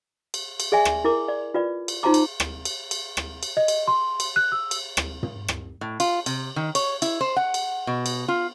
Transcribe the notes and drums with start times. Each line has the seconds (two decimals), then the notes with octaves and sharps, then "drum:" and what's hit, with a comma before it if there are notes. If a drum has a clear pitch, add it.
0.34 drum: cymbal
0.60 drum: cymbal
0.72 G#4 D5 E5 G#5
0.85 drum: rim click
1.04 E4 A#4 D6
1.28 D5
1.54 F4 B4 D5
1.88 drum: cymbal
2.03 D#4 F4 C5 A5 A#5 D6
2.14 drum: cymbal
2.40 drum: rim click
2.65 drum: cymbal
2.91 drum: cymbal
3.17 drum: rim click
3.43 drum: cymbal
3.57 D#5
3.68 drum: cymbal
3.88 C6
4.20 drum: cymbal
4.36 F#6
4.52 E6
4.71 drum: cymbal
4.97 drum: rim click
5.23 drum: tom
5.48 drum: rim click
5.81 A2
6.00 F4, drum: cymbal
6.26 C3, drum: cymbal
6.56 D#3
6.75 C#5, drum: cymbal
7.02 E4, drum: cymbal
7.21 C5
7.36 F#5
7.54 drum: cymbal
7.87 B2
8.06 drum: cymbal
8.28 F4